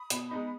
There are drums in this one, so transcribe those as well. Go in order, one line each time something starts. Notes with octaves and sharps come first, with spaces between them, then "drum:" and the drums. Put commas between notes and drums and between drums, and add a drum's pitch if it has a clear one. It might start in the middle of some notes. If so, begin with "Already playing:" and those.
Already playing: B5 D#6
B2, drum: hi-hat
G#3 B3 D#4